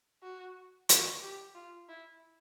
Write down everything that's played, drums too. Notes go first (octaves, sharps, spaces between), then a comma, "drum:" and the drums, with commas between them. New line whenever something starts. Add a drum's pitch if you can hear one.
F#4
F#4, drum: hi-hat
G4
F4
E4